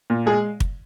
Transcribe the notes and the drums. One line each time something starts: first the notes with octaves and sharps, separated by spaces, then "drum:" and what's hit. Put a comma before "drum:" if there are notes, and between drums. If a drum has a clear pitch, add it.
A#2
G#3 G#4
drum: kick